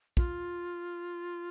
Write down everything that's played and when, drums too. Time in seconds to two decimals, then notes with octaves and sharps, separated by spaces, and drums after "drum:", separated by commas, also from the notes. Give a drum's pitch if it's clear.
0.17 F4, drum: kick